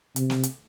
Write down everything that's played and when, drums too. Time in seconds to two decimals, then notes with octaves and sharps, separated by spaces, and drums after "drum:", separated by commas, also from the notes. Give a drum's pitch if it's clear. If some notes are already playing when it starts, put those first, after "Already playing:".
0.16 C3, drum: hi-hat
0.30 drum: snare
0.43 drum: hi-hat